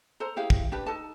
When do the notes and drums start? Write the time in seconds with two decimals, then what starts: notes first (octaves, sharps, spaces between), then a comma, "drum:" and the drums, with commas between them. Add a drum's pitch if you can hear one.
0.20 A4 C5 A#5
0.36 E4 G4 G#4 F5
0.50 drum: kick
0.72 D4 G4 B4
0.86 D#4 A4 A5